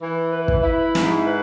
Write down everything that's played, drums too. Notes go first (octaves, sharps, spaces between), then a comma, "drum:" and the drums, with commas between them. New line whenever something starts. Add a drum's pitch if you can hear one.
E3
B4
drum: kick
E4
G#2, drum: snare
B4